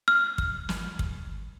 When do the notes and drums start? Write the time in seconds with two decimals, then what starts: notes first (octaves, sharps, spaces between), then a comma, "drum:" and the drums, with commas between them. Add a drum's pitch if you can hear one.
0.08 F6
0.38 drum: kick
0.69 drum: snare
0.99 drum: kick